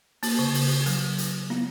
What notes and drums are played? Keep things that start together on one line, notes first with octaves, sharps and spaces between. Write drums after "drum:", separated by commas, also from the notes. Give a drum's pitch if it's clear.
A#3, drum: open hi-hat
C#3
drum: open hi-hat
F#3, drum: hi-hat
drum: hi-hat
B3, drum: snare